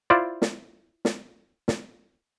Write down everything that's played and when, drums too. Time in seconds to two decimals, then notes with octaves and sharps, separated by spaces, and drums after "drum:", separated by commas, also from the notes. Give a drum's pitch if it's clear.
0.10 E4 F4 C5 D5
0.42 drum: snare
1.05 drum: snare
1.68 drum: snare